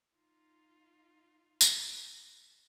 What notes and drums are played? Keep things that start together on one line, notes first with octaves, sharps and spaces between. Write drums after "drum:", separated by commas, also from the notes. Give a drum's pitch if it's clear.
D#4 F4
drum: tambourine